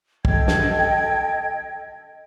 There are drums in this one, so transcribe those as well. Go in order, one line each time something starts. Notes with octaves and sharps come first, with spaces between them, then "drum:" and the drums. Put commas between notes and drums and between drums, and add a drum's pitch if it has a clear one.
A4 D#5 G5 G#6, drum: kick
drum: snare